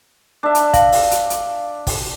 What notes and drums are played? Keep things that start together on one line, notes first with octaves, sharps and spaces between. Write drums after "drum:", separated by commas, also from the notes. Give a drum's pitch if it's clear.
D4 E5
drum: hi-hat
F5, drum: kick, hi-hat
drum: open hi-hat
drum: hi-hat
drum: hi-hat
drum: kick, open hi-hat